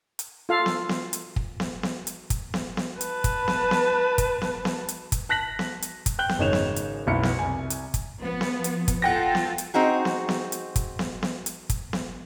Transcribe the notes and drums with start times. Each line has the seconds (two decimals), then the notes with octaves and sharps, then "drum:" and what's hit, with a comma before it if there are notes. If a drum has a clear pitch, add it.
0.19 drum: hi-hat
0.49 F4 A4 F5
0.66 drum: snare B3
0.89 drum: snare B3
1.13 drum: hi-hat
1.36 drum: kick
1.60 drum: snare B3
1.83 drum: snare B3
2.07 drum: hi-hat
2.30 drum: kick, hi-hat
2.54 drum: snare B3
2.77 drum: snare B3
3.01 B4 A5, drum: hi-hat
3.24 drum: kick, hi-hat
3.48 drum: snare B3
3.71 drum: snare B3
4.18 drum: kick, hi-hat
4.42 drum: snare B3
4.65 drum: snare B3
4.88 drum: hi-hat
5.12 drum: kick, hi-hat
5.29 A5 F#6 A#6 B6 F#7
5.59 drum: snare B3
5.82 drum: hi-hat
6.06 drum: kick, hi-hat
6.19 G5 F#6 G6 G7
6.29 drum: snare B3
6.38 G#1 C#3 D#4 C#5 E7 F7
6.53 drum: snare B3
6.76 drum: hi-hat
7.07 B1 B3 E4 C#7
7.23 drum: snare B3
7.39 C2 G#5
7.70 drum: hi-hat
7.94 drum: kick, hi-hat
8.20 F3 B3
8.41 drum: snare B3
8.64 drum: hi-hat
8.88 drum: kick, hi-hat
9.02 F4 A4 F#5 G5 A#6
9.35 drum: snare B3
9.58 drum: hi-hat
9.74 C4 D#4 F#4 G#4
10.05 drum: snare B3
10.29 drum: snare B3
10.52 drum: hi-hat
10.76 drum: kick, hi-hat
10.99 drum: snare B3
11.23 drum: snare B3
11.46 drum: hi-hat
11.69 drum: kick, hi-hat
11.93 drum: snare B3